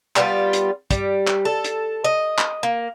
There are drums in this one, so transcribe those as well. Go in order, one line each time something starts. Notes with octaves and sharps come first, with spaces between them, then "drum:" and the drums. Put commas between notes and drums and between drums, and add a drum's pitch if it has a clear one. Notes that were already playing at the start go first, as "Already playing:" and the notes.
G3 B3 F4, drum: clap
drum: hi-hat
G3, drum: kick, hi-hat
drum: clap
A4
drum: hi-hat
D#5
drum: clap
A#3